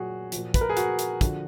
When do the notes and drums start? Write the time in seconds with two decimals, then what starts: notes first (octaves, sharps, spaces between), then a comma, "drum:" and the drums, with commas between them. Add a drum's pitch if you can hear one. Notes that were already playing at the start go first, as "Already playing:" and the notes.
Already playing: A#2 F#3 F#4 G#4
0.32 A#2 F3, drum: hi-hat
0.54 B4, drum: kick, hi-hat
0.61 A#4
0.69 G#4
0.77 F#4, drum: hi-hat
0.99 drum: hi-hat
1.21 D3 F3, drum: kick, hi-hat